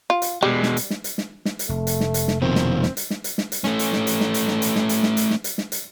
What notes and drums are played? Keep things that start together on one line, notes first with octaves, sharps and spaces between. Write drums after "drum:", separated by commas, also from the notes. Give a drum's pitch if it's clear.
F4
drum: hi-hat
B2 G3 G#3
drum: snare
drum: hi-hat
drum: snare
drum: hi-hat
drum: snare
drum: snare
drum: hi-hat
F1 A3
drum: hi-hat
drum: snare
drum: hi-hat
drum: snare
B2 D#3 F3 A#3 C4
drum: snare
drum: snare
drum: hi-hat
drum: snare
drum: hi-hat
drum: snare
drum: hi-hat
A3 C#4, drum: snare
drum: hi-hat
drum: snare
drum: hi-hat
drum: snare
drum: hi-hat
drum: snare
drum: hi-hat
drum: snare
drum: hi-hat
drum: snare
drum: hi-hat
drum: snare
drum: hi-hat
drum: snare
drum: hi-hat